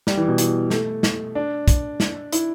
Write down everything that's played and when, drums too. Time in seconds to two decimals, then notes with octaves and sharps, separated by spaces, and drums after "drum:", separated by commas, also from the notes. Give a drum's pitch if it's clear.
0.07 G3, drum: snare
0.17 E3
0.28 B2
0.38 E3, drum: hi-hat
0.70 A3, drum: snare
1.03 drum: snare
1.35 D4
1.68 drum: kick, hi-hat
2.00 drum: snare
2.33 E4, drum: hi-hat